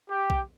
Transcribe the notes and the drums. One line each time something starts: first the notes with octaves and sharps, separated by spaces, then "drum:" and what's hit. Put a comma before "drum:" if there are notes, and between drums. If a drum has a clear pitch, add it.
G4
drum: kick B1